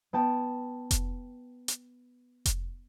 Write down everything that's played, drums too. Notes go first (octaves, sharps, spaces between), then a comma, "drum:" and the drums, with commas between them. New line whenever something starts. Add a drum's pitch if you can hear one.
B3 G5 A5
drum: kick F1, hi-hat
drum: hi-hat
drum: kick F1, hi-hat